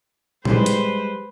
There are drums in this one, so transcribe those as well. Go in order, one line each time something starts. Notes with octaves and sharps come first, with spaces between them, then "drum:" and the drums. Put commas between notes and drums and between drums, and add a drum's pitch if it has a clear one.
G3 G#3 B4 C5, drum: tom A#2
drum: hi-hat